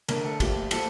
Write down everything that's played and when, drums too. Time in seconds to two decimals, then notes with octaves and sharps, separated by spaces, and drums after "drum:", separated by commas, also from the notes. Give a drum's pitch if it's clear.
0.08 D3 A3 A#4, drum: cymbal
0.24 A4
0.40 A#2 F3 A3 G4, drum: kick, cymbal
0.71 A#2 F3 A3 A4, drum: cymbal